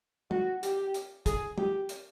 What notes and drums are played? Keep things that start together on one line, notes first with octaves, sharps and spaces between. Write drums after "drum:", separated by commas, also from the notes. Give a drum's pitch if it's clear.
F#4, drum: tom
G4, drum: hi-hat
drum: hi-hat
G#4, drum: kick, hi-hat
G4, drum: tom
drum: hi-hat